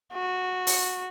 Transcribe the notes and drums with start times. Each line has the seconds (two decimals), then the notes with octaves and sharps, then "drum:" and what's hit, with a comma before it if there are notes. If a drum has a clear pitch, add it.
0.13 F#4
0.67 drum: open hi-hat